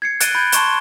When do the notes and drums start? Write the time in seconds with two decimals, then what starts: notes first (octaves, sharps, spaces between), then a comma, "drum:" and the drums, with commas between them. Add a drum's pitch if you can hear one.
0.02 G#6 C7 C#7
0.20 F#6 A6 D7 D#7 G7, drum: hi-hat
0.35 B5 G6 G#6
0.52 A5 C6 C#6 E7 G7, drum: hi-hat